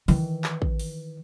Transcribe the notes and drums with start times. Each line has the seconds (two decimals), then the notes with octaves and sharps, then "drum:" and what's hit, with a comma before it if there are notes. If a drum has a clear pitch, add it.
0.08 D#3 E3, drum: open hi-hat
0.44 drum: clap
0.62 drum: kick
0.80 drum: open hi-hat